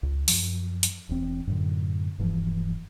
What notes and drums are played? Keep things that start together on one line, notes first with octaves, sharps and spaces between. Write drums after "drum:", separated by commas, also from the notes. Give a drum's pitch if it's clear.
C#2
F#2 F3, drum: open hi-hat
drum: hi-hat
E1 E2 C4
F#2 A2 D3
D#1 G2 E3 F3